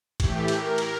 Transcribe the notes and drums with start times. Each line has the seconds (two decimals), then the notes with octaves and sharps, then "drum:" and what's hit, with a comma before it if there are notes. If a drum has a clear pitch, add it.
0.20 A2 E3 A3 G4, drum: kick, cymbal
0.48 A#4, drum: cymbal
0.78 drum: cymbal